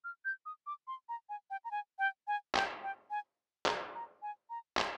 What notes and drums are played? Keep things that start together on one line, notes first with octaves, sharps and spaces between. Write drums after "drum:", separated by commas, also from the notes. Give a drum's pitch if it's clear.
F6
G6
D#6
D6
C6
A#5
G#5
G5
A#5
G#5
G5
G#5
G5, drum: clap
G5
G#5
A#5, drum: clap
A#5
G#5
A#5
C6, drum: clap